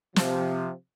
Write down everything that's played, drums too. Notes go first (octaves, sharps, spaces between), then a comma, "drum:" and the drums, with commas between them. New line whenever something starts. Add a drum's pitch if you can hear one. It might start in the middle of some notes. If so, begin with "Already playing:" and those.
C3 F3, drum: snare